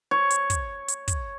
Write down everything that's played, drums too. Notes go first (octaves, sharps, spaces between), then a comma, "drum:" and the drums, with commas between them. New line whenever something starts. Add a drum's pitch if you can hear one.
C#5
drum: hi-hat
drum: kick, hi-hat
drum: hi-hat
drum: kick, hi-hat